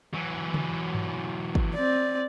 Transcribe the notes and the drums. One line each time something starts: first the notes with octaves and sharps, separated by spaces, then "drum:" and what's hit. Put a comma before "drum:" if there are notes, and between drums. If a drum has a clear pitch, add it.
E3 F#3
drum: tom C#3
drum: tom G2
drum: kick
C4 D5